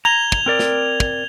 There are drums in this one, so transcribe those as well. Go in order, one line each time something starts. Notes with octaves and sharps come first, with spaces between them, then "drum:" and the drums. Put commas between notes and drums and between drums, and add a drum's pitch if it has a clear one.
A#5 G#6 F7 G7
drum: kick
C4 A#4 D5
drum: snare
drum: kick